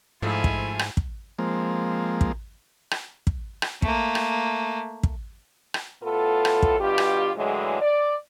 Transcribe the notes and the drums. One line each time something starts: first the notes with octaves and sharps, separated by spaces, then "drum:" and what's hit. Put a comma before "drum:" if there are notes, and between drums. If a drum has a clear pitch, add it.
G#2 F3 A3 E4 F4 G#5
drum: kick
drum: rim click
drum: kick
F3 G#3 A#3 C4
drum: kick
drum: rim click
drum: kick
drum: rim click
A3 A#3, drum: kick
drum: rim click
drum: kick
drum: rim click
A2 B3 F4 A4
drum: rim click
drum: kick
G2 B2 F4 G4
drum: rim click
A2 D3 E3 F#3 G#3
D5